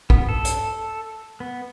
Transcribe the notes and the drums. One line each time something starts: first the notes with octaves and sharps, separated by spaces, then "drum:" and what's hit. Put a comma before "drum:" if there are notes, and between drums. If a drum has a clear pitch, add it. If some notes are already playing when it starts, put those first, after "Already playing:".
B3, drum: kick
A4
drum: hi-hat
B3